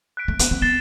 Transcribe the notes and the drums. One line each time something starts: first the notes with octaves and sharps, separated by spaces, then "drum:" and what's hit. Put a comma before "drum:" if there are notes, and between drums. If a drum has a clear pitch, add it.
F#6 B6 D7
A3
B3, drum: hi-hat
C4
B3 A6 C7 E7 G7